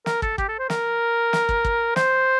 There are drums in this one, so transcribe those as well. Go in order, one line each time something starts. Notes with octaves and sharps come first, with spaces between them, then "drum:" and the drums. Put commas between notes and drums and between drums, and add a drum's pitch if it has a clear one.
A#4, drum: snare
A4, drum: kick
G4, drum: kick
A4
C5
A#4, drum: snare
drum: snare
drum: kick
drum: kick
C5, drum: snare